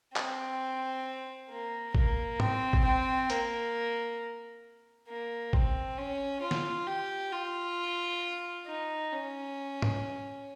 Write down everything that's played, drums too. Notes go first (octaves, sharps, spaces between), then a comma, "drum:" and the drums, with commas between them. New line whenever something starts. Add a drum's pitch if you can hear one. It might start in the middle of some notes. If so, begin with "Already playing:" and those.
C4, drum: clap
A#3
A#3, drum: kick
C4, drum: tom
drum: kick
C4
A#3, drum: hi-hat
A#3
C4, drum: kick
C#4
F4
drum: snare
G4
F4
D#4
C#4
drum: tom